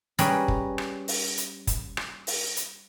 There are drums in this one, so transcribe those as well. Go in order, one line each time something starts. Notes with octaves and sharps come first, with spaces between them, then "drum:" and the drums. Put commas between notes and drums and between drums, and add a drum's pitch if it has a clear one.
G3 C#4 G#4 A#4 B4, drum: hi-hat
drum: kick
drum: rim click
drum: open hi-hat
drum: hi-hat
drum: kick, hi-hat
drum: rim click
drum: open hi-hat
drum: hi-hat